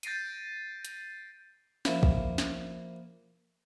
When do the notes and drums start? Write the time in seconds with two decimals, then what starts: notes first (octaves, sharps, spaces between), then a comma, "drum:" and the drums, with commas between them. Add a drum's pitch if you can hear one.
0.03 G6 A6 A#6 C7 D7 D#7, drum: hi-hat
0.85 drum: hi-hat
1.85 F3 A#3 E4, drum: snare
2.03 drum: kick A#1
2.38 drum: snare